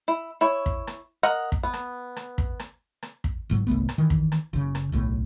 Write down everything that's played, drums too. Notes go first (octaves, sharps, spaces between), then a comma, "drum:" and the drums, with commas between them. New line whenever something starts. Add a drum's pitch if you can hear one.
E4
E4 C#5
drum: kick
drum: rim click
A#4 D#5 F#5
drum: kick
B3
drum: rim click
drum: rim click
drum: kick
drum: rim click
drum: rim click
drum: kick
F#1 G#2 F#3
G1 C2 A3 B3
drum: rim click
D#3 E3
drum: kick
drum: rim click
F#1 C#3
drum: rim click
D1 B1 A2